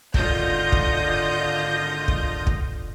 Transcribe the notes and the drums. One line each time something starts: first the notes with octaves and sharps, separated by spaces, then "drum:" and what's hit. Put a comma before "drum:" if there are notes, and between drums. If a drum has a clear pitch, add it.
G#1 D3 F4 D#5 G6 A#6, drum: kick
drum: kick
drum: kick
drum: kick